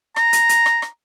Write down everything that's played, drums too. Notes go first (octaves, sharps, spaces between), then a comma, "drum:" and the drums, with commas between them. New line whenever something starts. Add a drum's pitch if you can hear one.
A#5, drum: rim click
drum: hi-hat
drum: hi-hat
drum: rim click
drum: rim click